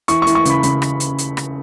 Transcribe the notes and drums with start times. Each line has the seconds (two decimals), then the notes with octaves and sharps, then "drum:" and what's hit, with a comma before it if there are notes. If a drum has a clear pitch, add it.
0.08 E3 C#6, drum: hi-hat
0.22 C#6
0.27 E3, drum: hi-hat
0.35 C#6
0.45 C#3 B5, drum: hi-hat
0.63 C#3 B5, drum: hi-hat
0.82 drum: rim click
1.00 drum: hi-hat
1.19 drum: hi-hat
1.37 drum: rim click